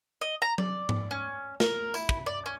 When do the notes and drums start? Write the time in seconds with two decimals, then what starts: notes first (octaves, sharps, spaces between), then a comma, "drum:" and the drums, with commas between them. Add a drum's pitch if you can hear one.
0.21 D#5
0.42 A#5
0.58 D5, drum: tom F#3
0.89 drum: tom G#2
1.11 C#4
1.60 A#4, drum: snare
1.94 E4, drum: tambourine
2.09 drum: kick
2.26 D5
2.46 C#4